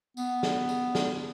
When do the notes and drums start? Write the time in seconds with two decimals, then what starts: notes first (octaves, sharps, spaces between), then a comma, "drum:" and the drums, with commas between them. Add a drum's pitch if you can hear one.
0.17 B3, drum: tambourine
0.43 drum: snare
0.69 drum: tambourine
0.95 drum: snare